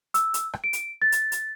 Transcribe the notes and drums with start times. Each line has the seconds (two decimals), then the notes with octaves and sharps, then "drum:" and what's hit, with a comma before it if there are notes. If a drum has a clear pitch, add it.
0.14 E6, drum: hi-hat
0.34 drum: hi-hat
0.53 drum: rim click
0.64 D7
0.73 drum: hi-hat
1.02 A6
1.12 drum: hi-hat
1.32 drum: hi-hat